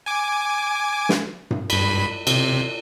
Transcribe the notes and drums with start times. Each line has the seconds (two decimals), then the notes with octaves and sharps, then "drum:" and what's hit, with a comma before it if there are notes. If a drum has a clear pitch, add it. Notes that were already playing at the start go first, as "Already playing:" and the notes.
0.06 G#5 D6
1.09 drum: snare
1.51 drum: tom G2
1.70 G2 B5, drum: cymbal
2.27 C3, drum: cymbal